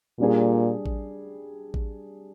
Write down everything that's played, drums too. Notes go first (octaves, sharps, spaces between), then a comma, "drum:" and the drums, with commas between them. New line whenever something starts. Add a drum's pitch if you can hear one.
A#2 G3 D4 G#4
drum: kick A1
drum: kick A1